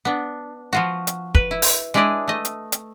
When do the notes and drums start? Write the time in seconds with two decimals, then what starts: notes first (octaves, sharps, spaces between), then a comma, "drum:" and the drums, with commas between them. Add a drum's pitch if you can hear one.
0.05 B3 D4
0.73 F3 F4 F#4
1.07 drum: hi-hat
1.35 B4, drum: kick
1.51 E4
1.62 drum: open hi-hat
1.94 G#3 D4 E4 B4 D5 D#5
2.28 A3 D#5
2.45 drum: hi-hat
2.72 drum: hi-hat